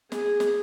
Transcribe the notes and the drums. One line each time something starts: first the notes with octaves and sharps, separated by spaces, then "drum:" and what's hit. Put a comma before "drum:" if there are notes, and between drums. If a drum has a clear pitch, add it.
G#4, drum: snare
drum: snare